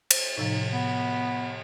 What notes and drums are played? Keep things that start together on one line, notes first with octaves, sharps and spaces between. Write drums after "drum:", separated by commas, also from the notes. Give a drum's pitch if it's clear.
C5, drum: cymbal
A2 C3 F3 D#4
B3